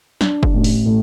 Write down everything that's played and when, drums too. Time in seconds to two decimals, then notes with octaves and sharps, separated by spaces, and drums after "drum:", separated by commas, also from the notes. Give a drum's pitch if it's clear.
0.21 D4, drum: snare
0.43 drum: kick
0.54 A1
0.64 drum: open hi-hat
0.86 A2